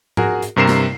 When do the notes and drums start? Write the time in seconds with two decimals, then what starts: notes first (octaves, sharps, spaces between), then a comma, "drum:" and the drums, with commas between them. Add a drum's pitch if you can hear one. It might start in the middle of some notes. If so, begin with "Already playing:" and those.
0.17 F#4 G#4 A#4, drum: tom G#2
0.42 drum: hi-hat
0.56 G2 C3 A#4 C7 E7
0.68 drum: snare